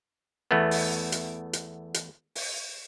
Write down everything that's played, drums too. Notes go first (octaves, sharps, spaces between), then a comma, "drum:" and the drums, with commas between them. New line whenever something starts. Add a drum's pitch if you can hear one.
E2 A3 B3
drum: open hi-hat
drum: hi-hat
drum: hi-hat
drum: hi-hat
drum: open hi-hat